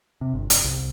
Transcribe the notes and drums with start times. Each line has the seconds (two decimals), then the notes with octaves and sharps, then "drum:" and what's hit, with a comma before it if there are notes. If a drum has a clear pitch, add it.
0.21 C3
0.33 G1
0.50 F1, drum: hi-hat
0.64 C2